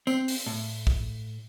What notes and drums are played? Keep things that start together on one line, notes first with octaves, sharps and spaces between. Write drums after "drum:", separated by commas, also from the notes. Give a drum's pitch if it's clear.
C4, drum: tambourine
drum: open hi-hat
A2
drum: kick